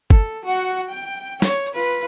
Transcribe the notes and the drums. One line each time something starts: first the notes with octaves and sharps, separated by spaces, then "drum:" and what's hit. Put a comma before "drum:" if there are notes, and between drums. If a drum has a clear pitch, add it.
A4, drum: kick
F#4 F#5
G5
C#5, drum: snare
F4 B4